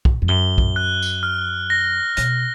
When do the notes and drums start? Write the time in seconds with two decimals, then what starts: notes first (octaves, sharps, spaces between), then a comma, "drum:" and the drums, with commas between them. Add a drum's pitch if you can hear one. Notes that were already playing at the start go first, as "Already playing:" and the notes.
0.05 drum: kick
0.22 F2
0.28 F#2 G7
0.58 drum: kick
0.76 F#6
1.02 drum: tambourine
1.23 F6
1.70 A#6
2.17 B2 A#6, drum: hi-hat